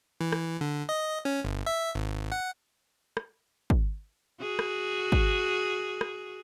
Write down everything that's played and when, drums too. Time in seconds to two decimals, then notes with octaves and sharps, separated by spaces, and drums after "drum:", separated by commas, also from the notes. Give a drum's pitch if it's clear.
0.21 E3
0.32 drum: rim click
0.61 D3
0.89 D#5
1.25 C#4
1.45 G1
1.66 E5
1.95 G#1
2.32 F#5
3.17 drum: rim click
3.70 drum: kick
4.41 F#4 G#4
4.59 drum: rim click
5.12 drum: kick
6.01 drum: rim click